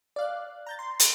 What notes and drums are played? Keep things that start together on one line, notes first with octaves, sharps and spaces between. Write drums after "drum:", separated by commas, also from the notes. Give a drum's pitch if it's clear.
D5 F5 F#6
A#5 G6 A6
C6
drum: hi-hat